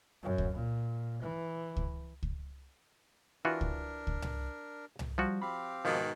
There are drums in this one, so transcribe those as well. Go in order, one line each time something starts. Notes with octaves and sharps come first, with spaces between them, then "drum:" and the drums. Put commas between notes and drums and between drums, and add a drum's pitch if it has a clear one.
F#2
drum: kick C#2
A#2
E3
drum: kick C#2
drum: kick C#2
E3 D4 F4 F#4 A#4
drum: kick C#2
drum: kick C#2
drum: tom C2
drum: tom C2
F3 G3 F#4
C4 G4 F5 B5
G#2 B2 D#3 F3